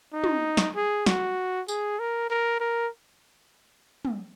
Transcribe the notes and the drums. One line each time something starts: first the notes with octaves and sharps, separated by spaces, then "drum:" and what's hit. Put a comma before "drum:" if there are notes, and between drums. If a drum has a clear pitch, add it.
D#4
drum: tom
drum: snare
G#4
F#4, drum: snare
G#4, drum: tambourine
A#4
A#4
A#4
drum: tom